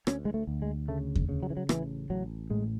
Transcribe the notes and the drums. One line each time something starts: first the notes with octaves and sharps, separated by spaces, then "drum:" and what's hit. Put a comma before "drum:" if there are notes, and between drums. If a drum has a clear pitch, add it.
D2 C#4, drum: rim click
G#3
A3
D2
G#3
C#3 A3
drum: kick E2
C#3
F#3
E3
F#3
A1 E3, drum: rim click
A1 F#3
A2 G#3